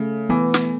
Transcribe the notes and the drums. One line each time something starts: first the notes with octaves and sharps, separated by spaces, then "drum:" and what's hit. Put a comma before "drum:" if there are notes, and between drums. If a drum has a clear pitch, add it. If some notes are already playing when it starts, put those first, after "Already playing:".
Already playing: C#3 A3
E3 B3
drum: snare